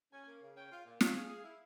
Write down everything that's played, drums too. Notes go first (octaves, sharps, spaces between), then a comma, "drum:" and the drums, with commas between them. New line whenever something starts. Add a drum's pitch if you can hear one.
C#4 G#5
A#3
C#3
C#4 G5
F4
A#2
G3 F5, drum: snare
G#4
G#4
E4